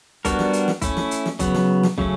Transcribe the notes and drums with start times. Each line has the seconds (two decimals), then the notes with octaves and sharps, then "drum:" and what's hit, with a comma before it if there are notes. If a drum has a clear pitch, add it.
0.25 G3 B3 D4 F#4 A#4, drum: kick, hi-hat
0.39 drum: snare
0.53 drum: hi-hat
0.68 drum: snare
0.82 A3 C#4 E4, drum: kick, hi-hat
0.97 drum: snare
1.11 drum: hi-hat
1.26 drum: snare
1.39 C#3 F#3 B3, drum: kick, hi-hat
1.54 drum: snare
1.83 drum: snare
1.98 C#3 F#3 A3 C#4, drum: kick